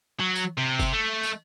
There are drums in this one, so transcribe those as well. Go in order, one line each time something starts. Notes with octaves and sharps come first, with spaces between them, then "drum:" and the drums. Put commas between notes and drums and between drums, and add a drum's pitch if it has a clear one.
F#3
drum: tambourine
C3
drum: kick F#1, tambourine
A3
drum: tambourine